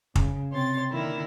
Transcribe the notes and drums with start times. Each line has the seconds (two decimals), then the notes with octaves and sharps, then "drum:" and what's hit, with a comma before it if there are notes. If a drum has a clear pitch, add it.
0.16 C#3, drum: kick
0.50 C3 C4 C#5 C6 A6
0.90 D3 D#3 A#3 E4 A#4